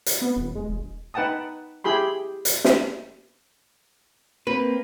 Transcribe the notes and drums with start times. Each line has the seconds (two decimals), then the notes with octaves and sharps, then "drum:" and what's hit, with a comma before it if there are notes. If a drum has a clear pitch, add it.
0.06 drum: hi-hat
0.22 B3
0.37 D#1
0.55 G#3
0.69 E1
1.14 D#4 B4 F#5 G5 A5 D#6
1.84 E4 G4 G#4 B5 C6
2.45 drum: hi-hat
2.64 drum: snare
4.47 A#3 C4 B4